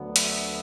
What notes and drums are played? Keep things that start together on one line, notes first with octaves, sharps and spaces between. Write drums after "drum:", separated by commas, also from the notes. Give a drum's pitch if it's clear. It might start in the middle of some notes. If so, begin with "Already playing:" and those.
Already playing: D2 D3 F#3 B3
E5, drum: hi-hat